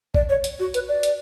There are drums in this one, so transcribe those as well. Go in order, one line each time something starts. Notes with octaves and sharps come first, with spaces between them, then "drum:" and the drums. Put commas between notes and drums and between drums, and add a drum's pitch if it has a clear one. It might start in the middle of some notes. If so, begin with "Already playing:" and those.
D5, drum: kick
C#5
drum: hi-hat
F#4
B4, drum: hi-hat
D5
drum: hi-hat